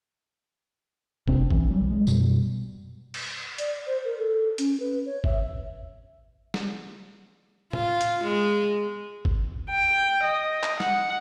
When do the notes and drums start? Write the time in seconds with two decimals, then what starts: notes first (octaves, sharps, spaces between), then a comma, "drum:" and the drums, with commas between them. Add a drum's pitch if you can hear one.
1.28 F1 C3 C4 D4, drum: kick
1.50 B1 E3, drum: kick
1.70 F#3 G3
1.90 G#3
2.07 F#2 B2 G3, drum: tambourine
3.14 drum: cymbal
3.58 D5, drum: hi-hat
3.86 C5
4.04 A#4
4.18 A4
4.58 C#4, drum: hi-hat
4.80 B4
5.06 C#5
5.24 E5, drum: kick
6.54 drum: snare
7.73 F4, drum: tom
8.01 drum: hi-hat
8.24 G#3
9.25 drum: kick
9.71 G5
10.24 D#5
10.63 drum: clap
10.80 F#5, drum: snare